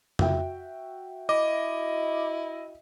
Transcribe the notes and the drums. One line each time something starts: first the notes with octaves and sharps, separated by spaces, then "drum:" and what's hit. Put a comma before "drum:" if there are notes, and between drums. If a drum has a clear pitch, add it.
F#4 E5 G5, drum: tom
E4 D#5 D6